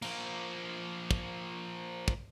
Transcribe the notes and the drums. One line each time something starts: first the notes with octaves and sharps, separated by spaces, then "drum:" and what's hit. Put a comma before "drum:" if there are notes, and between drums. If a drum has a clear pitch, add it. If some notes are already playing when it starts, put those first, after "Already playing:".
F3 A#3, drum: cymbal
drum: kick
drum: kick